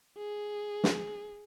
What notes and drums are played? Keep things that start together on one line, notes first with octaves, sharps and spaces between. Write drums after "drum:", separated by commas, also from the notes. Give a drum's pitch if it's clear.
G#4
drum: snare